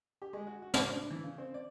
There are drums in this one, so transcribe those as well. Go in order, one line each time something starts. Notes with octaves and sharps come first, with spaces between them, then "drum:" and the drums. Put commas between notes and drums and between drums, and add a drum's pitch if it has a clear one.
G4
G#3
F#4
F#4
C5, drum: snare
D4
E3
C#3
C4
D5